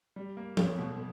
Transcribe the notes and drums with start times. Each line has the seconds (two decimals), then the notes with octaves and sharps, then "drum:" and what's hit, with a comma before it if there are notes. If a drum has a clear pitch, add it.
0.16 G3
0.37 A#3
0.57 C#4, drum: tom F3
0.79 B2